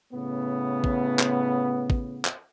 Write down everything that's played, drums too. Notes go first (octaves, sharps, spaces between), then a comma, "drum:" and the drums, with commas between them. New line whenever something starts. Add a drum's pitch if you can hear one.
A2 C#3 B3
drum: kick
drum: clap
drum: kick
drum: clap